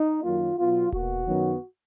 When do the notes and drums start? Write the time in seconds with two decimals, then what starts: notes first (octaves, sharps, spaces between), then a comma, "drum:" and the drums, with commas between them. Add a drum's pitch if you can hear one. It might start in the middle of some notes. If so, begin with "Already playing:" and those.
Already playing: D#4
0.23 F#2 D#3 F#3 A#3 F4
0.58 B2 F#3 B3 F4
0.92 B2 A#3 F#4, drum: kick D#1
1.27 F#2 D#3 F#3 B3